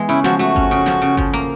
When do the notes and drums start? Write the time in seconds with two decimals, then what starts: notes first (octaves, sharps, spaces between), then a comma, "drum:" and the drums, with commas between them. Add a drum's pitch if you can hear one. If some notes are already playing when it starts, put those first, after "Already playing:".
Already playing: E3 G#3 B3
0.09 C#3 E4
0.24 F3 F#4, drum: snare
0.39 A3 F#4
0.56 C#4, drum: kick G1
0.71 C#3
0.86 F3, drum: snare
1.02 C#3
1.17 F3, drum: kick G1
1.33 A#3